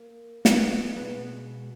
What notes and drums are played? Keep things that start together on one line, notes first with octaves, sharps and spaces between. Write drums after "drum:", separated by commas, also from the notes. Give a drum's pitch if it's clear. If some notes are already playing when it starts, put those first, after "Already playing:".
Already playing: A#3
B3, drum: snare
B2 G#3 B3